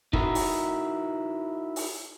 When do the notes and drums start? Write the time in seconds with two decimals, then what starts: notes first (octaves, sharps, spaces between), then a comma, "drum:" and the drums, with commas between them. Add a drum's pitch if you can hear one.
0.13 D#4 E4 F#4 A#4, drum: kick
0.35 drum: open hi-hat
1.76 drum: open hi-hat